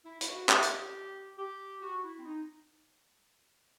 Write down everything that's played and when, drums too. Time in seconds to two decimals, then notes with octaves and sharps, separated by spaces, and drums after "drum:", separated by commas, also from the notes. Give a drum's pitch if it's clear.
0.05 E4
0.21 E4, drum: hi-hat
0.28 F#4
0.49 G4, drum: clap
0.62 drum: hi-hat
1.38 G4
1.82 F#4
2.04 E4
2.18 C4
2.25 D#4